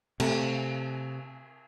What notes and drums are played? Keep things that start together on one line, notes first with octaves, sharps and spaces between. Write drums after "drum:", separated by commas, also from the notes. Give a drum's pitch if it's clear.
C3 A3, drum: cymbal